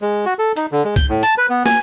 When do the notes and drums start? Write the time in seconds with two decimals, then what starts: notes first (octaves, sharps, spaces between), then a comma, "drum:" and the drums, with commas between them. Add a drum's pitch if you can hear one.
0.02 G#3
0.26 F#4
0.39 A4
0.56 D#4, drum: hi-hat
0.72 D3
0.85 G#3
0.96 G6, drum: kick C2, hi-hat
1.09 A2
1.23 A5, drum: hi-hat
1.38 B4
1.49 B3
1.66 G#5, drum: snare